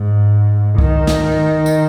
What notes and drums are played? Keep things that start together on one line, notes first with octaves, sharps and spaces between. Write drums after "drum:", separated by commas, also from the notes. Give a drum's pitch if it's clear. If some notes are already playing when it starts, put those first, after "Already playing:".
Already playing: G#2
D#3, drum: kick C2
drum: snare
drum: tambourine